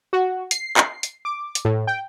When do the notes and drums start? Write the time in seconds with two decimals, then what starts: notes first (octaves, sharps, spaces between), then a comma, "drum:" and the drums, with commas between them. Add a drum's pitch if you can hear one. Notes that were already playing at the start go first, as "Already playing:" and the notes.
0.13 F#4
0.51 C7, drum: hi-hat
0.77 drum: clap
1.03 drum: hi-hat
1.25 D6
1.55 drum: hi-hat
1.65 A2
1.87 G5